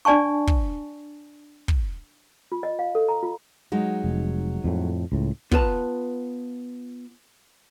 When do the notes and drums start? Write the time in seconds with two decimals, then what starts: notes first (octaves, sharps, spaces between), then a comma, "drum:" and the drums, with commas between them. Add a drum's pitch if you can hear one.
0.05 D4 D5 G#5 A5 C#6
0.47 drum: kick
1.68 drum: kick
2.52 F4
2.63 D#5
2.79 F5
2.95 A4
3.09 A#5
3.23 F4
3.72 F#3 G#3 D#4
4.04 F1
4.64 F2 A2
5.12 C#2 A2
5.51 B3 F4 B4 A5 A#5, drum: kick